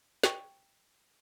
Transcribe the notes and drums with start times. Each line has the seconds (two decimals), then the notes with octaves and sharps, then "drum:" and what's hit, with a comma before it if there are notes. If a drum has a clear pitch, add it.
0.24 G5 C#6, drum: snare